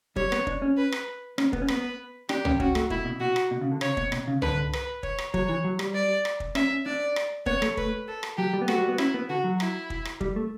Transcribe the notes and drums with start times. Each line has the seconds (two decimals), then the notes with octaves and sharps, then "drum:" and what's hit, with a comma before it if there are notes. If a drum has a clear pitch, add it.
0.16 G3 C#5, drum: kick
0.32 B3, drum: rim click
0.47 D4, drum: kick
0.62 C#4
0.77 B4
0.92 drum: rim click
1.38 C#4, drum: rim click
1.53 B3, drum: kick
1.62 C#4
1.68 B3 B4, drum: rim click
2.29 D4 G4, drum: rim click
2.45 C#4, drum: tom C#2
2.60 C#4 F#4, drum: kick
2.75 A3, drum: rim click
2.90 B2 E4, drum: kick
3.05 B2
3.20 B2 F#4
3.36 drum: rim click
3.51 B2
3.61 C#3
3.71 D3
3.81 C#3 C#5, drum: rim click
3.97 B2, drum: kick
4.12 B2, drum: rim click
4.27 C#3
4.42 D3 B4, drum: tom C#2
4.73 B4, drum: rim click
5.03 C#5, drum: kick
5.18 drum: rim click
5.34 F#3 C#5, drum: kick
5.49 E3
5.64 F#3
5.79 G3, drum: rim click
5.94 D5
6.25 drum: rim click
6.40 drum: kick
6.55 C#4 E5, drum: rim click
6.70 C#4
6.86 D4 D5
7.16 drum: rim click
7.46 B3 C#5, drum: kick
7.62 A3, drum: rim click
7.77 B4, drum: kick
8.08 A4
8.23 drum: rim click
8.37 F#3 G4
8.53 G3
8.61 B3
8.68 A3 F#4, drum: rim click
8.78 G3
8.89 B3
8.98 C#4 E4, drum: rim click
9.14 B3
9.29 D3 F#4
9.44 F#3
9.60 E4, drum: rim click
9.90 drum: kick
10.05 drum: rim click
10.21 G3, drum: kick
10.36 A3